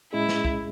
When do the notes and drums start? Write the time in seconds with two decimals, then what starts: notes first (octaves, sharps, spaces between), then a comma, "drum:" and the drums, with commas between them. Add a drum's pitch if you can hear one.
0.12 A2 G#3 C#4 E4 G#4 D#5
0.29 drum: snare
0.45 drum: kick